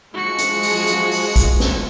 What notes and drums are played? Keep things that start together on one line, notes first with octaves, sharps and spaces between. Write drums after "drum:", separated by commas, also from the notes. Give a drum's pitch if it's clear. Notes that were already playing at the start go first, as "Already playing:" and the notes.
F3 G#3 F#4 C#7
drum: hi-hat
drum: open hi-hat
drum: hi-hat
drum: open hi-hat
drum: kick A#1, hi-hat
drum: snare